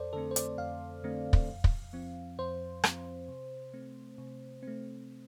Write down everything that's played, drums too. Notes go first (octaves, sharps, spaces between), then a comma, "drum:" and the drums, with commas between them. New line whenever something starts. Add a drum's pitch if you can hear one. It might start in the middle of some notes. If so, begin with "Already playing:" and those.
Already playing: F2 A4 C5 D5
D3 A3 C4 A4
C5
D5, drum: hi-hat
F2 F5
D3 A3 C4
drum: kick
F2
drum: kick
F3 C4
F2 C5
F3 C4, drum: rim click
C3
A3 C4
C3
A3 C4